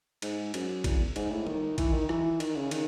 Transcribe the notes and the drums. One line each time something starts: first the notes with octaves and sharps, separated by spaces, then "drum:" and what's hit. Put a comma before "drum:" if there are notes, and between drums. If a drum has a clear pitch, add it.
G#2, drum: cymbal
F#2, drum: cymbal
E2, drum: kick, cymbal
G#2, drum: cymbal
A2
D#3, drum: tom
E3, drum: kick, cymbal
D#3
E3, drum: rim click
D#3, drum: cymbal
C#3
D#3, drum: cymbal